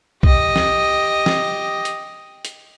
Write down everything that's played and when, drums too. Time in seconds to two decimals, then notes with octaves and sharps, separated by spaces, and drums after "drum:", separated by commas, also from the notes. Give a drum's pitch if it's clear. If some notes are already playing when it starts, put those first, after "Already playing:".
0.23 G4 D#5, drum: kick B1
0.56 drum: snare
1.26 drum: snare
1.85 drum: hi-hat
2.45 drum: hi-hat